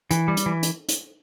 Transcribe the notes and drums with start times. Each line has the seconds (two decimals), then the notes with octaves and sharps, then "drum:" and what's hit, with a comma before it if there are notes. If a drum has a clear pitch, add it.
0.11 E3, drum: hi-hat
0.28 G3
0.37 drum: hi-hat
0.46 E3
0.63 drum: hi-hat
0.88 drum: hi-hat